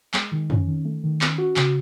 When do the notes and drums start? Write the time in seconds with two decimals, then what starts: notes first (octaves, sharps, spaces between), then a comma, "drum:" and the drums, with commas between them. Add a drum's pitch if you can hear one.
0.14 G#3, drum: clap
0.32 D#3
0.50 C#4, drum: tom
0.67 D#3
0.85 A3
1.04 D#3
1.21 C#4, drum: clap
1.38 F#4
1.56 C#3, drum: clap